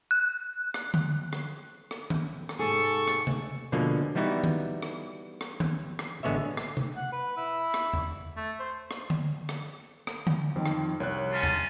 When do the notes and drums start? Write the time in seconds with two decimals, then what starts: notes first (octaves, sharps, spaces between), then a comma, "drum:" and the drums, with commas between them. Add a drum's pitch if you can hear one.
0.11 F#6
0.74 drum: rim click
0.94 drum: tom D3
1.33 drum: rim click
1.91 drum: rim click
2.10 drum: tom D#3
2.49 drum: rim click
2.59 G#2 C3 G#4 A4 C#6
3.08 drum: rim click
3.27 drum: tom C3
3.72 B2 D3 F3 G#3 A#3
4.15 E3 G3 B3 D#4 E4 F#4
4.44 drum: tom D#3
4.82 drum: rim click
5.41 drum: rim click
5.60 drum: tom D#3
5.99 drum: rim click
6.23 A1 D3 G#3 B3 C#5 E5
6.57 drum: rim click
6.77 drum: tom C3
6.96 F#5
7.13 B4
7.37 E4
7.74 drum: rim click
7.93 drum: tom E2
8.37 A3
8.60 C5
8.91 drum: rim click
9.10 drum: tom D3
9.49 drum: rim click
10.07 drum: rim click
10.27 drum: tom D3
10.56 F2 D#3 F3 C4
10.66 drum: rim click
11.00 C2 C#5 F#6
11.32 C#4 F4 A5
11.43 drum: tom E2